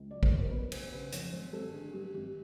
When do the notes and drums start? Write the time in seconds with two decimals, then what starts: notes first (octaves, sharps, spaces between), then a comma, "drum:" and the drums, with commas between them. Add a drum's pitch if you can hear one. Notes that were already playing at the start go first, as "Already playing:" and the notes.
Already playing: C#2
0.11 F#3 D5
0.23 C5, drum: kick A1
0.31 B2 C#5
0.42 A#4
0.51 G1 B4
0.72 G1 C5, drum: cymbal
0.83 C5
0.92 C#3 B4
1.12 F2 C#5, drum: hi-hat
1.33 G#1 C5
1.53 G#1 A4
1.73 D3 G#4
1.93 G2 G4
2.14 G#1 G4